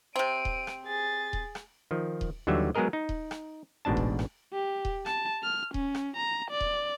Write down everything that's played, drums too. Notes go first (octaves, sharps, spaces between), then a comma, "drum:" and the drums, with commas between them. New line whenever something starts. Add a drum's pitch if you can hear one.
C3 C4 D7 D#7
drum: kick D#1
drum: rim click
G#4 A6
drum: kick D#1
drum: rim click
D#3 F3
drum: kick D#1
D#2 D3 E3 F#3 G3 E5
F#3 G#3 B3 G#4 A#4 D#5
D#4
drum: kick D#1
drum: rim click
A1 G#2 B2 D4 A5
drum: kick D#1
drum: rim click
G4
drum: kick D#1
A5, drum: rim click
F6
C#4, drum: kick D#1
drum: rim click
A#5
D5
drum: kick D#1